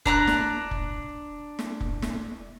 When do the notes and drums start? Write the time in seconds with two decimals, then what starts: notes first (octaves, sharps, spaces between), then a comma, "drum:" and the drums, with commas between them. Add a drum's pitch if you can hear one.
0.06 D4 A#5 B5 F#6, drum: kick
0.27 drum: snare
0.71 drum: kick
1.59 drum: snare
1.81 drum: kick
2.02 drum: snare